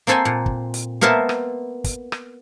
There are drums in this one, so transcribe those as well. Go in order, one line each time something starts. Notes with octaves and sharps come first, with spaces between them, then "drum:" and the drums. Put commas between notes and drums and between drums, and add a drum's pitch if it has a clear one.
A#3 C4 A4 C5 G#5 C6
A#2
drum: kick
drum: hi-hat
A#3 B3 A#4 C5 E5 A5
drum: rim click
drum: kick, hi-hat
drum: rim click